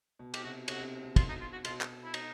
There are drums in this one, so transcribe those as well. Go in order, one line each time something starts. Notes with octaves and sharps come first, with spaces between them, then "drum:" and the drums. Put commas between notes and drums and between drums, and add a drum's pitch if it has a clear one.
B2
G4, drum: cymbal
C3 F#4
C3 F#4, drum: cymbal
C3
B2
F4, drum: kick, cymbal
D#4
F4
F#4
B2 F4, drum: cymbal
drum: clap
E4
D#4, drum: cymbal